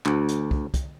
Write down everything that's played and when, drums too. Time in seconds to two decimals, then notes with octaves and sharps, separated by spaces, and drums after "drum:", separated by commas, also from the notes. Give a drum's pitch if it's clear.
0.06 D2, drum: clap
0.28 drum: hi-hat
0.51 drum: kick
0.74 drum: kick, hi-hat